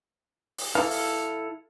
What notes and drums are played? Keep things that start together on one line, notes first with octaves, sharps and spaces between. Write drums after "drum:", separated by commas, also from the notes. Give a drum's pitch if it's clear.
drum: open hi-hat
E3 E4 A4 F5
drum: open hi-hat